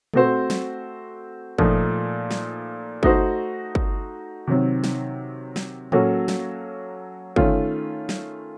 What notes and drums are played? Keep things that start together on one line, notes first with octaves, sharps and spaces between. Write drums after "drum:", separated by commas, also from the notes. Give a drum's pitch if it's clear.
A3 C4 F#4 C5, drum: tom A#2
drum: snare
A#2 F3 A3 D#4, drum: kick
drum: snare
A3 D#4 F#4 C5, drum: kick
drum: kick
C3 D#3 F#3 C4
drum: snare
drum: snare
F#3 A#3 C#4 F#4 A4, drum: tom A2
drum: snare
D#3 A3 C#4 F4, drum: kick
drum: snare